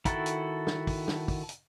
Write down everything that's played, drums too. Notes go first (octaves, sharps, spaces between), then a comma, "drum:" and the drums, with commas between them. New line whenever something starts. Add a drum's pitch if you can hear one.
D#3 E4 F#4 A4, drum: kick, hi-hat
drum: hi-hat
drum: snare
drum: kick, open hi-hat
drum: snare
drum: kick, open hi-hat
drum: hi-hat